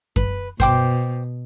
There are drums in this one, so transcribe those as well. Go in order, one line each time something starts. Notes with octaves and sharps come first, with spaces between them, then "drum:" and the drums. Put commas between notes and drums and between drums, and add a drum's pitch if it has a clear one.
B4, drum: kick F#2
B2 C5 G5 D6, drum: kick F#2